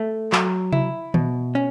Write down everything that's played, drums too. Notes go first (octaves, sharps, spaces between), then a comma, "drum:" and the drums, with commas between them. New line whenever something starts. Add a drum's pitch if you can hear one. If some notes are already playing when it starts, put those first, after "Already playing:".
Already playing: A3
F#3, drum: clap
E4, drum: tom C3
B2, drum: tom
C#4